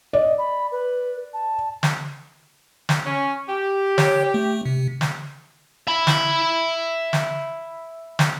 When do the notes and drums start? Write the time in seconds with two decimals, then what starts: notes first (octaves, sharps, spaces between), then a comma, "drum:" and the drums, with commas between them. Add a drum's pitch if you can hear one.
0.13 D5 D#5
0.38 B5
0.72 B4
1.34 A5
1.83 drum: snare
2.89 drum: snare
3.04 C#4
3.48 G4
3.98 C#5 G5, drum: snare
4.34 A3
4.65 C3
5.01 drum: snare
5.87 E5 B5
6.07 drum: snare
7.13 drum: snare
8.19 drum: snare